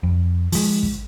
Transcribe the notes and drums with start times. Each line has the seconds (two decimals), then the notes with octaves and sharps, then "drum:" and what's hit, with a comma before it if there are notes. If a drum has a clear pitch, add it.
0.03 F2
0.52 F3 G#3, drum: open hi-hat
0.83 drum: kick